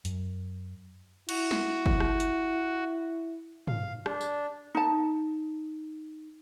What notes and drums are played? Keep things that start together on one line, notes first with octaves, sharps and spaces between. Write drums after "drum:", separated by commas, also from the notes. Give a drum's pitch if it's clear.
F#2, drum: hi-hat
E4 F#4, drum: cymbal
drum: snare
drum: kick
drum: rim click
drum: hi-hat
F5, drum: tom
D4, drum: rim click
drum: tambourine
D#4 A5